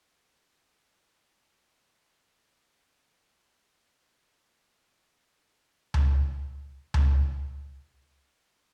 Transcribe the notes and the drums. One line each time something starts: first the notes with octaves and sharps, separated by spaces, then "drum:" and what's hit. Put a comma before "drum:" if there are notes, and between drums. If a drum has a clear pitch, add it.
C2 C3 D#3 A#3
G2 F3 C4 G4
drum: tom C#2
D#2 D#3 A3
drum: tom C#2